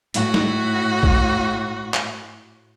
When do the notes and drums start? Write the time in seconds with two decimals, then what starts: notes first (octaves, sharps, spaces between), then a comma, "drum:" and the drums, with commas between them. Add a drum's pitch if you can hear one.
0.14 A2 F#4, drum: hi-hat
0.34 drum: snare
1.03 drum: kick
1.94 drum: clap